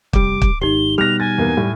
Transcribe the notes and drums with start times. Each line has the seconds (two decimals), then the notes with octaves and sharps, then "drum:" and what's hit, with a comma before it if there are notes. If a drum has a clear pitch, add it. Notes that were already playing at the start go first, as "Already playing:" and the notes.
0.13 F1 G3 D6, drum: kick
0.42 drum: kick
0.62 D#1 G#1 D#4 G4 G7
0.98 B2 G3 F6 F#6 A#6 F7
1.20 G#5 A6
1.38 E2 A#3 B3
1.57 A2 G3